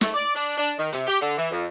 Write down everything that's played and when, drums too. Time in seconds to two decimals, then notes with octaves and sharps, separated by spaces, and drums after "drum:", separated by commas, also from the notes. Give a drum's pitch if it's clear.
0.01 A3, drum: snare
0.14 D5
0.35 D4
0.58 D4
0.79 D#3
0.93 C3, drum: hi-hat
1.07 G4
1.21 D3
1.38 E3
1.51 F2